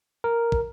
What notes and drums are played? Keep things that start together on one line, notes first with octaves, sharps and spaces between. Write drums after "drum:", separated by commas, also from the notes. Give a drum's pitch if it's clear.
A#4
drum: kick